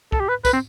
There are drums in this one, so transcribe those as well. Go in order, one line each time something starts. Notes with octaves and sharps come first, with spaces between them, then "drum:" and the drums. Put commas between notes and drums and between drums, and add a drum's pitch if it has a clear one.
A4, drum: kick
G4
B4
B4, drum: kick, tambourine
C4